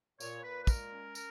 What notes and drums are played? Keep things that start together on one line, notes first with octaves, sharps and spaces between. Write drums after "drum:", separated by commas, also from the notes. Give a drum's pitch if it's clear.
A#2 C#5, drum: tambourine
A#2 B4
B4
G#3 A#4, drum: kick, tambourine
C#4
A#4, drum: tambourine